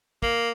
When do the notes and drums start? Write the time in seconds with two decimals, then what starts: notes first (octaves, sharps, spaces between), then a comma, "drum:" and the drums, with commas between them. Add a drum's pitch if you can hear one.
0.23 A#3, drum: kick